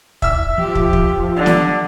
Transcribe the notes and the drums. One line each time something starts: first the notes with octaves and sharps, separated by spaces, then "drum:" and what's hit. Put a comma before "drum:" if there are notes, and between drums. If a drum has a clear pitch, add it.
E5 E6, drum: kick
F3 G4
drum: kick
drum: kick
D3
drum: snare